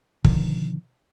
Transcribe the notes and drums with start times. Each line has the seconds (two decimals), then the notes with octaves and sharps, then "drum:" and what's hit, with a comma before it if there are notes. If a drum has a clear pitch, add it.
0.25 B2 D3 D#3 F3, drum: kick